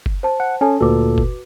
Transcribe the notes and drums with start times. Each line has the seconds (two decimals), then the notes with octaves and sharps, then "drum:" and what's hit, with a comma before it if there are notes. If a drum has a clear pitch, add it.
0.06 drum: kick F#1
0.23 C5 A5
0.40 F#5
0.61 C#4 A4 G#5 A5
0.80 D2 A#2 F#4 A4 B4 D6
1.18 drum: kick F#1